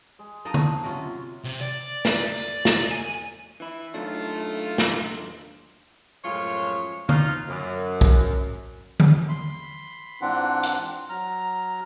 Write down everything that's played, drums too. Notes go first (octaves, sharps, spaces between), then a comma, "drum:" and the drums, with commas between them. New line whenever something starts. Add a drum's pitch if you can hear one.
G#3
A#3 D#4 D#5 A5
drum: tom D3
C3 F#3 C#4 F4 C#5 C6
C3
D5
drum: snare
drum: tambourine
drum: snare
G#5
E3 E4
D#3 F#3 A3 D4 F4
drum: snare
F#2 A2 F3 G#3 F4 C#5
D#4 F4 B4 F5, drum: tom D3
F#2
drum: kick
drum: tom D3
B5 C6
G#2 E3 C4 D4 F4 F#5
drum: hi-hat
F#3 A#5 F6